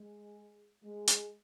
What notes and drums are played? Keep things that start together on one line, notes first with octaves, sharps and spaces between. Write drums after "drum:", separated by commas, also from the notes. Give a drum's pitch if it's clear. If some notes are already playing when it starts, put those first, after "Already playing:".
Already playing: G#3
G#3
drum: hi-hat